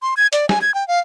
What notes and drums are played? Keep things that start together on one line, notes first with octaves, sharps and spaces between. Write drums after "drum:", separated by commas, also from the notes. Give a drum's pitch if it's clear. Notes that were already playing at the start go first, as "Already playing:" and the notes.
C6
G#6
D5, drum: hi-hat
G#5, drum: snare
G#6
G5
F5